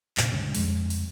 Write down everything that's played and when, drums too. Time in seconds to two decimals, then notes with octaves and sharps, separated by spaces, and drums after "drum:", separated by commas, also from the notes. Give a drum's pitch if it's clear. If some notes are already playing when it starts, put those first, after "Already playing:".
0.17 G2 A#2 C#3, drum: clap
0.32 C#2 G2 D3 C#4
0.55 F2 G#3, drum: open hi-hat
0.90 drum: open hi-hat